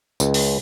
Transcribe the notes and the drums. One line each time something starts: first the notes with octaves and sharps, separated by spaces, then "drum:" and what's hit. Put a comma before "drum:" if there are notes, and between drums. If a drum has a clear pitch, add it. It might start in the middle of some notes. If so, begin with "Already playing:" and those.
C#2, drum: tambourine
drum: open hi-hat